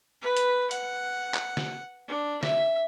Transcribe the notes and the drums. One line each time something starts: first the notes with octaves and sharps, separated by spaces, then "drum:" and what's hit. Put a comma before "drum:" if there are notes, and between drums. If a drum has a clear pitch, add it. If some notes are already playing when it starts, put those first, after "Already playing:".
B4
drum: hi-hat
F#5, drum: hi-hat
drum: clap
drum: snare
D4
E5, drum: snare